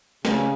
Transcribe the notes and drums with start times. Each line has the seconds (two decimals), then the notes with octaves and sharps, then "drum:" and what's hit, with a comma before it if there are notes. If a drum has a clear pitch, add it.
0.25 C#3, drum: snare